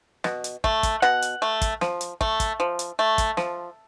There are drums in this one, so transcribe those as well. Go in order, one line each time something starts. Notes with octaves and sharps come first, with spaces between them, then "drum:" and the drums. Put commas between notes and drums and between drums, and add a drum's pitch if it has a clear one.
B2, drum: snare
drum: hi-hat
A3, drum: kick
drum: kick, hi-hat
B2 F#5
drum: hi-hat
A3
drum: kick, hi-hat
F3, drum: snare
drum: hi-hat
A3, drum: kick
drum: kick, hi-hat
F3
drum: hi-hat
A3
drum: kick, hi-hat
F3, drum: snare